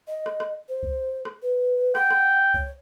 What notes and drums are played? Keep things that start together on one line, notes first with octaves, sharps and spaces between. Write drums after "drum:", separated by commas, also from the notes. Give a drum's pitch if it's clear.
D#5
drum: rim click
drum: rim click
C5
drum: kick C2
drum: rim click
B4
F#5 G5, drum: rim click
drum: rim click
C#5, drum: kick C2